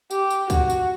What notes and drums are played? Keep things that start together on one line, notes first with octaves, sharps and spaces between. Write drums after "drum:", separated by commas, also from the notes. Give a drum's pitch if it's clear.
G4, drum: tambourine
drum: tambourine
F#4, drum: kick C2, tambourine
drum: tambourine